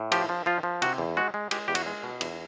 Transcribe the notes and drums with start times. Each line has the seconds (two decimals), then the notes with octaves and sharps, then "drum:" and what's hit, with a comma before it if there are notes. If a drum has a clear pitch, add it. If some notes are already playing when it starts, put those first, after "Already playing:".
Already playing: A2
0.12 F3 G4, drum: cymbal
0.29 F3
0.46 F3 F4
0.63 F3
0.82 C3 F#4, drum: cymbal
0.98 E2
1.17 G#3 F#4
1.34 G#3
1.51 G#3 G4, drum: cymbal
1.68 E2 G4
1.75 F#4, drum: cymbal
1.86 G#3
2.03 B2
2.21 E2, drum: cymbal